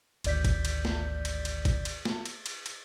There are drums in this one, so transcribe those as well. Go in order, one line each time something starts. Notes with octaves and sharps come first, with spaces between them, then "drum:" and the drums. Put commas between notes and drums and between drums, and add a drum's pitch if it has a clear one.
G#1 D2 D5 G6 B6, drum: cymbal
drum: kick, cymbal
drum: cymbal
drum: snare
drum: cymbal
drum: cymbal
drum: kick, cymbal
drum: cymbal
drum: snare
drum: cymbal
drum: cymbal
drum: cymbal